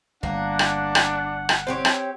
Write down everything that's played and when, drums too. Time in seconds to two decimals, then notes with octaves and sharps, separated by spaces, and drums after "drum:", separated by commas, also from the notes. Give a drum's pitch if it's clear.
0.23 G1 A#3 D4 F#5
0.59 drum: rim click
0.95 drum: rim click
1.49 drum: rim click
1.67 C4 G4 C#5
1.85 drum: rim click